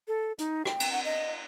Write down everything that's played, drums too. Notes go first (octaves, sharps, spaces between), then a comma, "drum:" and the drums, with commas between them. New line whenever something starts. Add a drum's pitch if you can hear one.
A4
D#4, drum: hi-hat
G5, drum: rim click
drum: cymbal
F#5
D#5